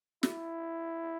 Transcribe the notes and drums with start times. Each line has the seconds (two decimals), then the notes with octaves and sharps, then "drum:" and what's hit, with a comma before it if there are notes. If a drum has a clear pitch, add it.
0.23 E4, drum: snare